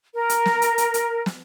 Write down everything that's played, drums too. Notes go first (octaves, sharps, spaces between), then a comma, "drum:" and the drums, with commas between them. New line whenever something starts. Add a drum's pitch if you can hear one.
A#4
drum: hi-hat
drum: snare
drum: hi-hat
drum: hi-hat
drum: hi-hat
drum: snare